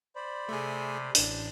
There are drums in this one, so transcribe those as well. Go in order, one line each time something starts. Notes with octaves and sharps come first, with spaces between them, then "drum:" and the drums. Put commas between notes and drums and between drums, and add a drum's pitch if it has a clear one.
C5 D5 B5
C3 A3 G#4
A1 D4, drum: open hi-hat